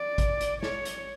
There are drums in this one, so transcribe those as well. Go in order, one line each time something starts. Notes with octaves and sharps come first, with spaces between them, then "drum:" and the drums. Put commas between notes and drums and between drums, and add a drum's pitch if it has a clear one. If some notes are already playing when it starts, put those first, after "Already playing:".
Already playing: D5
drum: kick G#1, hi-hat
drum: hi-hat
C#5, drum: snare
drum: hi-hat